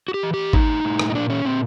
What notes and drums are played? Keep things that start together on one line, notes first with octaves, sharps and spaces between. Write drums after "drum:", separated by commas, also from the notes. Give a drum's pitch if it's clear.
F#4
G4
E3
G4
A2 D#4, drum: kick G#1
A2
drum: rim click
D#4
A#2 D4
C#4
A#2 C4